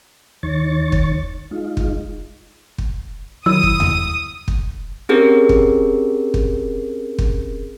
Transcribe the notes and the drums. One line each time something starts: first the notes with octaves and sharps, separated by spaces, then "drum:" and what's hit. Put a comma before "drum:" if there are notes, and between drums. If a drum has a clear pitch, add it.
D#2 D#3 C#5 C#6 A6
drum: kick
G#3 D#4 F4
drum: kick
drum: kick
D#3 F#3 E4 D#6 E6
drum: kick
drum: tom D#2
drum: kick
C4 C#4 G4 G#4 A#4
drum: kick
drum: kick
drum: kick